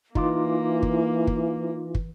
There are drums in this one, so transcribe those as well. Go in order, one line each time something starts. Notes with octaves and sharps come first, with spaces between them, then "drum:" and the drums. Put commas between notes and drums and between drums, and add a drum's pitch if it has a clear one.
E3 A#3 D#4 F4 D6, drum: kick
drum: kick
drum: kick
drum: kick